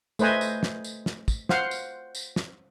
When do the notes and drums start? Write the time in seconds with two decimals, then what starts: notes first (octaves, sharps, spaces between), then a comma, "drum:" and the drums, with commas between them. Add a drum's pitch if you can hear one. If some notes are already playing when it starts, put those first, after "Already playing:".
0.19 A3 B4 C5 D#5 G#5, drum: tambourine
0.41 drum: tambourine
0.63 drum: snare
0.84 drum: tambourine
1.06 drum: snare
1.28 drum: kick, tambourine
1.49 C5 F5 F#5, drum: snare
1.71 drum: tambourine
2.15 drum: tambourine
2.36 drum: snare